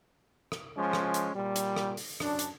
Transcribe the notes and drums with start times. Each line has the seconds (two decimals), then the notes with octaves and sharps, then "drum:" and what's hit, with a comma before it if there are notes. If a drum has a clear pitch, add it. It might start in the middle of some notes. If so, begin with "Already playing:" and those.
0.52 drum: rim click
0.78 F3 G#3 C#4
0.93 drum: rim click
1.14 drum: hi-hat
1.35 A#2 G3
1.56 drum: hi-hat
1.76 drum: rim click
1.97 drum: open hi-hat
2.20 F#2 D4, drum: rim click
2.39 drum: hi-hat